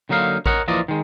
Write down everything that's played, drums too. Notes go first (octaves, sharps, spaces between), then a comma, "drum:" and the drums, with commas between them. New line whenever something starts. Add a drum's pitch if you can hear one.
D3 F#3 A#3 D#4 F5
A#4 C#5 D#5 F#5, drum: kick A1
E3 F3 A#3 D5 D#5
D#3 G#3